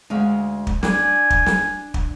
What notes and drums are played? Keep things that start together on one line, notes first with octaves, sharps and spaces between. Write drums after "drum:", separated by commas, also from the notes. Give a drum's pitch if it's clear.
D2 G#3 F5
drum: kick
D4 G#5, drum: snare
drum: kick
drum: snare
drum: kick